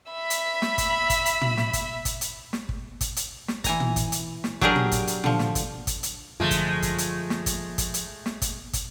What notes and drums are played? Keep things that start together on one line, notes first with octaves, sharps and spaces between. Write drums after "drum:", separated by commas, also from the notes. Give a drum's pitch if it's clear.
E5 B5
drum: hi-hat
drum: snare
drum: kick, hi-hat
drum: kick, hi-hat
drum: hi-hat
drum: tom
drum: snare
drum: kick, hi-hat
drum: kick, hi-hat
drum: hi-hat
drum: snare
drum: kick
drum: kick, hi-hat
drum: hi-hat
drum: snare
E3 G#5 A#5, drum: kick, hi-hat
drum: tom
drum: kick, hi-hat
drum: hi-hat
drum: snare
F#3 D4 G4 G#4 A#4, drum: kick
drum: tom
drum: kick, hi-hat
drum: hi-hat
D3 F3, drum: tom
drum: snare
drum: kick, hi-hat
drum: kick, hi-hat
drum: hi-hat
F#2 D3 F3 G#3 A3 D4 F4
drum: kick, hi-hat
drum: kick, hi-hat
drum: hi-hat
drum: snare
drum: kick, hi-hat
drum: kick, hi-hat
drum: hi-hat
drum: snare
drum: kick, hi-hat
drum: kick, hi-hat